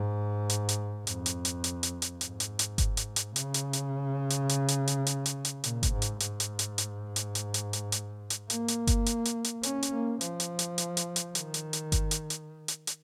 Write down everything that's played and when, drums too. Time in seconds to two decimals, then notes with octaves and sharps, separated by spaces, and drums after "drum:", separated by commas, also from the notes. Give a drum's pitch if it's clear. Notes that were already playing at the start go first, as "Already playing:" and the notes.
Already playing: G#2
0.50 drum: hi-hat
0.69 drum: hi-hat
1.07 F2, drum: hi-hat
1.26 drum: hi-hat
1.45 drum: hi-hat
1.64 drum: hi-hat
1.83 drum: hi-hat
2.02 drum: hi-hat
2.21 G#2, drum: hi-hat
2.40 drum: hi-hat
2.59 drum: hi-hat
2.78 drum: kick G1, hi-hat
2.97 drum: hi-hat
3.16 drum: hi-hat
3.36 C#3, drum: hi-hat
3.54 drum: hi-hat
3.73 drum: hi-hat
4.30 drum: hi-hat
4.49 drum: hi-hat
4.68 drum: hi-hat
4.87 drum: hi-hat
5.07 drum: hi-hat
5.26 drum: hi-hat
5.45 drum: hi-hat
5.64 A#2, drum: hi-hat
5.83 drum: kick G1, hi-hat
5.92 G#2
6.02 drum: hi-hat
6.20 G#2, drum: hi-hat
6.40 drum: hi-hat
6.59 drum: hi-hat
6.78 drum: hi-hat
7.16 drum: hi-hat
7.35 drum: hi-hat
7.54 drum: hi-hat
7.73 drum: hi-hat
7.92 drum: hi-hat
8.30 drum: hi-hat
8.50 A#3, drum: hi-hat
8.68 drum: hi-hat
8.87 drum: kick G1, hi-hat
9.06 drum: hi-hat
9.25 drum: hi-hat
9.44 drum: hi-hat
9.63 C#4, drum: hi-hat
9.83 drum: hi-hat
9.92 A#3
10.21 F3, drum: hi-hat
10.40 drum: hi-hat
10.59 drum: hi-hat
10.78 drum: hi-hat
10.97 drum: hi-hat
11.16 drum: hi-hat
11.35 D#3, drum: hi-hat
11.54 drum: hi-hat
11.73 drum: hi-hat
11.92 drum: kick G1, hi-hat
12.11 drum: hi-hat
12.30 drum: hi-hat
12.68 drum: hi-hat
12.87 drum: hi-hat